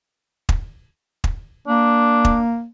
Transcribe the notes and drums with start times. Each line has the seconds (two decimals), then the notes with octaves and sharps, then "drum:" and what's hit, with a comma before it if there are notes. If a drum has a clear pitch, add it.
0.49 drum: kick
1.24 drum: kick
1.67 A#3 D4
2.25 drum: kick